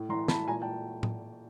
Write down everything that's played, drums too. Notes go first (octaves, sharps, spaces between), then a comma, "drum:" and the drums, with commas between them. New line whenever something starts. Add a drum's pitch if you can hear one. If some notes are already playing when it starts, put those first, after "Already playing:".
Already playing: A2
E3 A#5 C6
E3 A5 B5, drum: snare
A#2 G#5 A#5
G5 A5
drum: tom A2